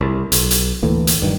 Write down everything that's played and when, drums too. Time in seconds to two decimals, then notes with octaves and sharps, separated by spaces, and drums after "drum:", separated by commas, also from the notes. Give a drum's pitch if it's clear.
0.01 C2
0.32 B1, drum: hi-hat
0.51 drum: hi-hat
0.83 D2 A2 E3 A#3
1.07 drum: hi-hat
1.21 F#1 G2 D#3 F#3